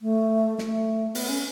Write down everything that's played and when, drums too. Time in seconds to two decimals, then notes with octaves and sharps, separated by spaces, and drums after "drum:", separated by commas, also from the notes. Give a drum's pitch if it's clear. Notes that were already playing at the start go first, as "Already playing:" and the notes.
0.02 A3
0.58 A3, drum: snare
1.15 B3, drum: open hi-hat
1.29 C#4